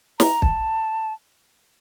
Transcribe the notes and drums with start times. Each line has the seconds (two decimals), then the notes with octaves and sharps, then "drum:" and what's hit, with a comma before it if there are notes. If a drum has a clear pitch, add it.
0.20 A#5, drum: snare
0.42 A5, drum: kick